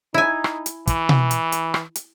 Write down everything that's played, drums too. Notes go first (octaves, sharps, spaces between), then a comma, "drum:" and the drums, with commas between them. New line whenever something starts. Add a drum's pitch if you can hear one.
D#4 E4 G#5
drum: rim click
drum: hi-hat
E3, drum: kick, hi-hat
drum: tom B2
drum: hi-hat
drum: hi-hat
drum: rim click
drum: hi-hat